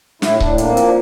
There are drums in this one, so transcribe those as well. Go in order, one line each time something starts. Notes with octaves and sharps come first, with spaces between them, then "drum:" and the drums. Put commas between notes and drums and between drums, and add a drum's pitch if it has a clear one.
A2 E4, drum: snare
A2 D4, drum: kick C#1
A#3 D4, drum: hi-hat
C4
F3 D4, drum: hi-hat